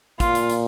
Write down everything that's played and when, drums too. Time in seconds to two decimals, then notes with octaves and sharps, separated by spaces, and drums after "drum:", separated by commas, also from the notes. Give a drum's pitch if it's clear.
0.20 A#2 F4, drum: kick, hi-hat
0.35 drum: hi-hat
0.50 drum: hi-hat